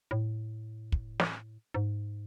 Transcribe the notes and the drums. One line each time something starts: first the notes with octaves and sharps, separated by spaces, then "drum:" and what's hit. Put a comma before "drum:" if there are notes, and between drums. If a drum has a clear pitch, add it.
A2
drum: kick
drum: snare
G#2